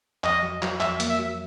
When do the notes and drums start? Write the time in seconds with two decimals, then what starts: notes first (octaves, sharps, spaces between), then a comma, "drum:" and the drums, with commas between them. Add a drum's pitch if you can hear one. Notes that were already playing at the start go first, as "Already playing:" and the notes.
0.24 F2 D#5, drum: clap
0.43 F#3
0.62 F#3, drum: clap
0.80 F2 E5, drum: clap
1.00 A#3, drum: hi-hat
1.09 E5
1.19 F#3